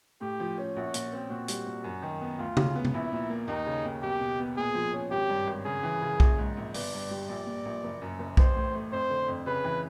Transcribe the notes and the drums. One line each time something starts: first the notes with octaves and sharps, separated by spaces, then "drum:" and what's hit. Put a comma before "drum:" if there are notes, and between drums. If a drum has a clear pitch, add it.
A2 G4
F3
C#4
A#1 F#4
A#2, drum: hi-hat
C4
A#2 F#4
G3, drum: hi-hat
A#2
F#2
D#3
B3
D2 F4
C#3, drum: tom C#3
B3
drum: tom C3
A#1 E4
A#2
A#3
D#2 D#4
C#3
D#2
B1 G4
B2
B3
A#2 G#4
F3
C#4
G#1 G4
G2
G#1
C#3 G#4
E3
C#3
A#1, drum: kick B1
G#2
A#1
G1 D5, drum: open hi-hat
G2
G3
A#1 D5
A#2
A#1
F#1
F#2
F#1
A1 C5, drum: kick B1
A2
A3
F2 C5
D3
F2
C#3 B4
E3